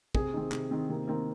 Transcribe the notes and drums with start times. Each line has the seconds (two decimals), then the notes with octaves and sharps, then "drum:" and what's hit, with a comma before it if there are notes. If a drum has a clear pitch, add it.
0.15 C3 G#4, drum: kick
0.33 D#3 C4
0.52 C3, drum: clap
0.71 D#3 C4
0.89 C3 A#3
1.08 D#3 A#3 C4